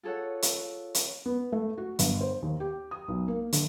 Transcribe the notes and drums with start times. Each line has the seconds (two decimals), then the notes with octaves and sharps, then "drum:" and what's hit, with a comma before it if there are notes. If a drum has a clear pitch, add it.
0.03 F4 G#4 A4 C#5 F#5
0.42 drum: hi-hat
0.95 drum: hi-hat
1.26 B3
1.52 A3
1.78 F#4
1.99 G1, drum: hi-hat
2.21 C5
2.42 D#2
2.60 G4
2.91 D#6
3.08 B1
3.28 A#3
3.53 D3, drum: hi-hat